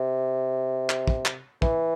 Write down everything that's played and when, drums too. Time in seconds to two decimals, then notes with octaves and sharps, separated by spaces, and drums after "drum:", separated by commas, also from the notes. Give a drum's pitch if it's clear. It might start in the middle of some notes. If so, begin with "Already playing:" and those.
Already playing: C3
0.90 drum: clap
1.08 drum: kick
1.25 drum: clap
1.62 E3, drum: kick